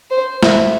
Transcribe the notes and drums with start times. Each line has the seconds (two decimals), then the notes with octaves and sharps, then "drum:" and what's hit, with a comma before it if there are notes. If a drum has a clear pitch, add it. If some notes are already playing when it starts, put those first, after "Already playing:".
0.10 C5
0.43 E5, drum: snare